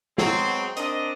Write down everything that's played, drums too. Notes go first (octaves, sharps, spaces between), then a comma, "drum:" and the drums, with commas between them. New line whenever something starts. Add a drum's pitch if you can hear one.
F#3 G#3 B3 C4, drum: snare
C4 D4 A#4 D#5, drum: hi-hat